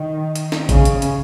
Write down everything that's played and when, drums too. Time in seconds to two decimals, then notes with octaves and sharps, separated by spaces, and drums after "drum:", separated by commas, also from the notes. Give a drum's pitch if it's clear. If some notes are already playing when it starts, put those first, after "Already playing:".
Already playing: D#3
0.36 drum: hi-hat
0.52 drum: snare
0.69 C#3, drum: kick, hi-hat
0.85 drum: hi-hat
1.02 drum: hi-hat